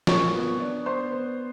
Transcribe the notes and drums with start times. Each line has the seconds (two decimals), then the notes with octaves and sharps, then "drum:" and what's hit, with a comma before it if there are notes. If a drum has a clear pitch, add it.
0.07 A#2 C#5 C#6, drum: snare
0.34 B3
0.60 D4
0.86 B3 C5 C6
1.12 B3